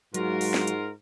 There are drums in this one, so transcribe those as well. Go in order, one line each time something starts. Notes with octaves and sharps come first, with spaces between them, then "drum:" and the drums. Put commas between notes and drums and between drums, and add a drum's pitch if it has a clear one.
G#2 F#3 G#3 F4 F#4 A#4, drum: hi-hat
drum: open hi-hat
drum: snare
drum: hi-hat